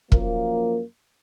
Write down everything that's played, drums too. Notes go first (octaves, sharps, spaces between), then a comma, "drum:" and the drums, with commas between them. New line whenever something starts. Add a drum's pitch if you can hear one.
F#2 F3 A#3, drum: kick